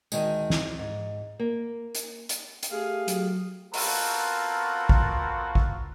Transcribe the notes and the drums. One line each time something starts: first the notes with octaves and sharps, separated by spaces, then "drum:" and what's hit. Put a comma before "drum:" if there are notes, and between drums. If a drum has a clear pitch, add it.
D2 D#3 G#3, drum: tambourine
drum: snare
G#2
A#3
drum: hi-hat
drum: hi-hat
drum: hi-hat
A3 G4 G#4 F5
F#3, drum: hi-hat
B3 C4 F4 F#4 A4 A#4, drum: open hi-hat
drum: kick A1
drum: kick A1